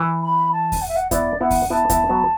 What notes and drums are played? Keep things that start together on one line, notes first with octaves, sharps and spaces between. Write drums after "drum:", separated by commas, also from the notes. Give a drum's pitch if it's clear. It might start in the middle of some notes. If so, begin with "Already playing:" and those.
Already playing: E3
B5
A5
drum: kick D#2, open hi-hat
F#5
E5
F#5
B3 E4 D5, drum: kick D#2, hi-hat
B3 E4 F#5
drum: kick D#2, open hi-hat
B3 E4 A5
B3 E4, drum: kick D#2, hi-hat
F#3 B3